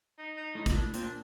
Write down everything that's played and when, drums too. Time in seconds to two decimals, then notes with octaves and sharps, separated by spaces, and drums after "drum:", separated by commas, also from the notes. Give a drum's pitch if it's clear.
0.18 D#4
0.37 D#4
0.55 A2 D#4
0.66 A#2, drum: kick, hi-hat
0.75 A2 D4
0.94 A#2 C4, drum: hi-hat
1.03 D4